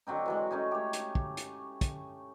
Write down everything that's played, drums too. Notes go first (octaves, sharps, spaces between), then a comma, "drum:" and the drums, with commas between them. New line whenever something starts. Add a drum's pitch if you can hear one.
D3 F#3 C4 D#4
E3 F#3 G#3
A3 C#4 D#4 G#4
G4 C#5
drum: hi-hat
drum: kick
drum: hi-hat
drum: kick, hi-hat